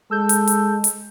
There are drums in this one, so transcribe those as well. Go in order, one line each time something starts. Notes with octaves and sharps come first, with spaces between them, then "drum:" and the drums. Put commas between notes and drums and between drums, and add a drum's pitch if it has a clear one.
G#3 A4 E6 G6
drum: hi-hat
drum: hi-hat
drum: hi-hat